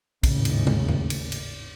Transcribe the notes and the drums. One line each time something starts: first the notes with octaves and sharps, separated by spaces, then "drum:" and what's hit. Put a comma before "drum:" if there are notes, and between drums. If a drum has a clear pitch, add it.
G#1 D#2 A2 C#3, drum: kick, cymbal
drum: cymbal
drum: tom
drum: tom E2
drum: cymbal
drum: cymbal